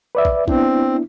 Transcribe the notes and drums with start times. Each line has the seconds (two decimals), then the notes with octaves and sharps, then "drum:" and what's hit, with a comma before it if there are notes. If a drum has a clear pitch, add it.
0.15 B4 D5 E5
0.25 drum: kick
0.48 B3 C4 D4 E4, drum: kick